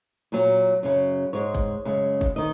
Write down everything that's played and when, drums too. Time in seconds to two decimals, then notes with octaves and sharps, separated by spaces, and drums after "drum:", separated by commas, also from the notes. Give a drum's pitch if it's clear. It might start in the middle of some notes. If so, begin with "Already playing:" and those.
0.32 A#2 F#3
0.83 F#2 C#3 F#3
1.33 G#2 G#3 C#5
1.55 drum: kick
1.85 F#2 C#3 G#3
2.21 drum: kick
2.36 D#3 D#5